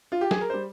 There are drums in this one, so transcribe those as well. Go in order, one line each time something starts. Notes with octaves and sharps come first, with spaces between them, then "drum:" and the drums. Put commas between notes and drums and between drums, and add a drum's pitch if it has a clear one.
F4
G4
G#4, drum: snare
A#4
G3 C5